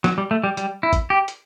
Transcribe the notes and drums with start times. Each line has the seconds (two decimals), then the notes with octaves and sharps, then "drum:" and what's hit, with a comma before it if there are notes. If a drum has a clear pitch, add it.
0.04 F#3, drum: snare
0.18 G3
0.31 A3
0.44 G3
0.57 G3, drum: hi-hat
0.83 E4
0.93 drum: kick G#1, hi-hat
1.10 G4
1.28 drum: hi-hat